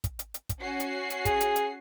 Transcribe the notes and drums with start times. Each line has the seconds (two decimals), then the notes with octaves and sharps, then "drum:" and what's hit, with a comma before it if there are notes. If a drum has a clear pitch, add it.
0.04 drum: kick, hi-hat
0.19 drum: hi-hat
0.34 drum: hi-hat
0.49 drum: kick, hi-hat
0.60 C#4 F#4 C7
0.80 drum: hi-hat
1.10 drum: hi-hat
1.25 G#4, drum: kick, hi-hat
1.41 drum: hi-hat
1.56 drum: hi-hat